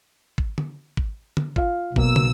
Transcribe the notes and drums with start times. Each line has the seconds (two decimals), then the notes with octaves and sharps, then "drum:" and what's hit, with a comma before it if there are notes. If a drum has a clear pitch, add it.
0.38 drum: kick G#1
0.58 drum: tom D3
0.97 drum: kick G#1
1.37 drum: tom D3
1.56 F4 F5, drum: kick G#1
1.96 B1 B2 A#3 E6, drum: kick G#1
2.16 drum: tom